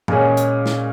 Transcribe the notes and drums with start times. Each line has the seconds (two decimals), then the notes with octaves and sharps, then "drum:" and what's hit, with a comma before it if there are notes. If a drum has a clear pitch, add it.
0.08 A#2 G#3 C#4 G#4, drum: tom E3
0.37 drum: hi-hat
0.66 drum: snare